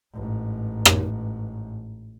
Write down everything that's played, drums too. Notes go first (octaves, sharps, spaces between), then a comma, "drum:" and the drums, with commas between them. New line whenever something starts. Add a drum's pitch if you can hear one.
A1 G#2
drum: rim click